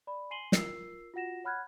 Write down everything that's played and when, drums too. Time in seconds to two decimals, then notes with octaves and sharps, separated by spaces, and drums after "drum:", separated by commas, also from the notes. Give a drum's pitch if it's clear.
0.07 D5 B5
0.30 G#5 C6 C7 D#7 F#7 G7
0.52 F4 A#4 E6 C7, drum: snare
1.14 F4 F#4 F#5 A#6 E7
1.44 C#5 F#5 B5 F6 F#6 G#6